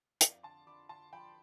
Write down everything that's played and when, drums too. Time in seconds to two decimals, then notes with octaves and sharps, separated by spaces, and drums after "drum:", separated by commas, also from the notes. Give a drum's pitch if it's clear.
0.21 F2 D5 F5, drum: hi-hat
0.43 D3 A5 C6
0.67 D3 B5 D6
0.89 D3 A5 C6
1.13 F3 G5 B5